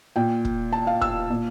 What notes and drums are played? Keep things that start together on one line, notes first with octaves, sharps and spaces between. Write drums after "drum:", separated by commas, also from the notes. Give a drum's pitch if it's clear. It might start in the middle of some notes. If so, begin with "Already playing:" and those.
A#2 G5
drum: kick
A5
F5
E6, drum: kick
A#2